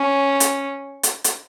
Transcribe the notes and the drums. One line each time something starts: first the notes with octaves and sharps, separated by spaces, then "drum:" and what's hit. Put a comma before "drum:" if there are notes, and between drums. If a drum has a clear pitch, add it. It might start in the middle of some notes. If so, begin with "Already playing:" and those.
Already playing: C#4
drum: hi-hat
drum: hi-hat
drum: hi-hat